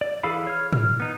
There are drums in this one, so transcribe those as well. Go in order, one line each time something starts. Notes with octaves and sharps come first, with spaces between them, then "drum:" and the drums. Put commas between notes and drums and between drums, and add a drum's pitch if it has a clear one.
D5
E3 G#4 A4 F5 B5
C#5 F6
F6, drum: tom G#2
B3 D#4